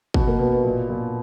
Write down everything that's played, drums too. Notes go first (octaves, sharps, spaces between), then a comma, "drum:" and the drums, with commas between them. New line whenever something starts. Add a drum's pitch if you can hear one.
B2 F#4, drum: kick G1
A#3
B2 B3
B3
A#2
A#2